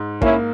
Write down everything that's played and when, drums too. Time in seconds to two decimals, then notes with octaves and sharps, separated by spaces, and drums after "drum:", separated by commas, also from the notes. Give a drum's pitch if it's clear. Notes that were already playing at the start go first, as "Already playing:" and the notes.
Already playing: G#2
0.22 A#3 C#4 E4, drum: kick